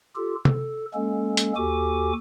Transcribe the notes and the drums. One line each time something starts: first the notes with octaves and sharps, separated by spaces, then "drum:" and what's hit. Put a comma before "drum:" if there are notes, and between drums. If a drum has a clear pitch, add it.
F4 G4 A4
A4, drum: tom C3
G#3 A#3 C#4 A4
drum: hi-hat
D#2 F#4 G4 A4 G#5 D6